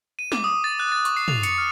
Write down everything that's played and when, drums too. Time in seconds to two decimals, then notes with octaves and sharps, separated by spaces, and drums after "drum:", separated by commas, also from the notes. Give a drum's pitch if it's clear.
0.19 D#7
0.32 D6, drum: snare
0.44 D#6
0.64 A6
0.80 F#6
0.92 A6
1.05 C#6, drum: hi-hat
1.17 C7
1.28 F7, drum: tom
1.43 C#7, drum: hi-hat
1.58 F6